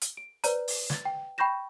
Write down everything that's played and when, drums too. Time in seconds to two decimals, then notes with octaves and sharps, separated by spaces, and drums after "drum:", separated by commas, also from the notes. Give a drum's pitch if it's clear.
0.01 drum: hi-hat
0.17 D7
0.44 B4 C5 D5 A#5, drum: hi-hat
0.68 drum: open hi-hat
0.90 G#6 A6, drum: snare
1.05 G5
1.38 G5 B5 C#6 G6 A#6 E7